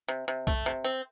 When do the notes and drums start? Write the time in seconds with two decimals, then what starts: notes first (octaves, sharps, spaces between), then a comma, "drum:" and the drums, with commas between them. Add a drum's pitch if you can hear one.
0.08 C3
0.28 C3
0.47 A3, drum: kick B1
0.66 C3
0.84 C4